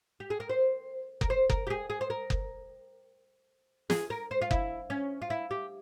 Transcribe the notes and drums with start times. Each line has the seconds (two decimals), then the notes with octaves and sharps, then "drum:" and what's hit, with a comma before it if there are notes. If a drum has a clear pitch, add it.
0.20 G4
0.30 G#4
0.40 A#4
0.49 C5
1.21 A#4, drum: kick F#1
1.30 C5
1.50 A#4, drum: kick F#1
1.67 G4
1.70 G#4
1.90 G#4
2.01 C5
2.10 A#4
2.30 drum: kick F#1
3.90 G#4, drum: snare
4.10 A#4
4.31 C5
4.42 F4
4.51 E4, drum: kick F#1
4.90 C#4
5.22 F4
5.30 E4
5.51 G4